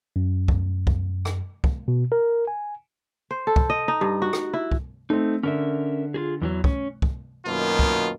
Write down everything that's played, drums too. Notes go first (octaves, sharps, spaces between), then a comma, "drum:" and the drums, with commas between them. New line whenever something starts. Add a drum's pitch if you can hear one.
F#2
drum: kick
drum: kick
drum: rim click
drum: kick
B2
A#4
G#5
C5
A4
drum: kick
D#5
D#4
G2
F#4
drum: rim click
E4
drum: kick
A3 C4 D#4
D3 C#4 A#4 E5
F4 F#4 G#4
E2 E3 F#3
C#4, drum: kick
drum: kick
F#2 B2 D#3 A#3 F4
drum: kick